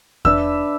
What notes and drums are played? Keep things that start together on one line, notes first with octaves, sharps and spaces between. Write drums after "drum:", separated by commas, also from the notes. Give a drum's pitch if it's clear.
D4 B4 E5 E6, drum: kick E2